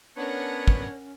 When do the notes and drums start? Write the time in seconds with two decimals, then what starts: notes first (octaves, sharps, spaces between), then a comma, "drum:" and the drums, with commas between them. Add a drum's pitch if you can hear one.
0.17 B3 C#4 D4 A#4 C#5 F#5
0.68 drum: kick